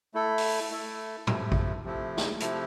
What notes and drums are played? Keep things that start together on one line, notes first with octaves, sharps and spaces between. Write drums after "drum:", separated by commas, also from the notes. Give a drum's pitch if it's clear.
A3 E4 A4
drum: open hi-hat
A3 E4 A4
C3 F3 A3 E4, drum: tom A2
drum: kick A1
C3 F3 A3 E4
drum: snare
C3 F3 A3 E4, drum: hi-hat